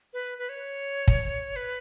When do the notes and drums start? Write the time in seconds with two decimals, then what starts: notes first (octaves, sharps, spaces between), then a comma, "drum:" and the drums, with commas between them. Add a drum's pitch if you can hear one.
0.13 B4
0.38 B4
0.49 C#5
1.08 drum: kick
1.56 B4